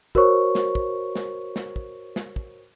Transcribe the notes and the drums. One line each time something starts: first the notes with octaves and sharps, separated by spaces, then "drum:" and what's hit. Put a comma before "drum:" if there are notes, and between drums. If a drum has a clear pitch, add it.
F#4 A#4 C5 C#5 C#6, drum: kick
drum: snare
drum: kick
drum: snare
drum: snare
drum: kick
drum: snare
drum: kick